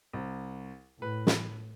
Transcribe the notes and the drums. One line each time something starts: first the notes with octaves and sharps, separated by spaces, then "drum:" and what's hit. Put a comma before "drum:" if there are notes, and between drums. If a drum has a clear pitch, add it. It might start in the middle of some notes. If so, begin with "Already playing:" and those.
C2
A2 B4
drum: snare